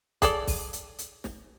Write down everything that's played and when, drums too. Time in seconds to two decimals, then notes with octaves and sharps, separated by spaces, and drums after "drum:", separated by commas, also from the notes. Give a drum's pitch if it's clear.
0.22 G#4 A4 D5, drum: kick, hi-hat
0.47 drum: kick, open hi-hat
0.73 drum: hi-hat
0.99 drum: hi-hat
1.24 drum: snare